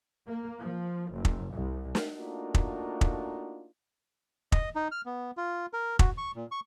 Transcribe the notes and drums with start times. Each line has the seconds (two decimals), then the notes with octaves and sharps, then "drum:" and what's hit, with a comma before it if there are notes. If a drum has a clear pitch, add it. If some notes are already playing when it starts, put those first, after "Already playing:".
0.26 A#3
0.60 F3
1.12 F#1
1.25 drum: kick
1.53 C2
1.95 drum: snare
2.17 A3 A#3 D4 D#4 F4 F#4
2.54 drum: kick
3.01 drum: kick
4.52 D#5, drum: kick
4.76 D#4
4.92 F6
5.06 B3
5.37 F4
5.73 A#4
5.99 F#4, drum: kick
6.18 C#6
6.36 A#2
6.51 C#6